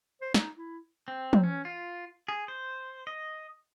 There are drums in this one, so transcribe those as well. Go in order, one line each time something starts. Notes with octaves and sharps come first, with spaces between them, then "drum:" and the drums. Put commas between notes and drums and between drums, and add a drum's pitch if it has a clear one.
C5
D#4, drum: snare
E4
C4
drum: tom
C#4
F4
G#4
C5
D#5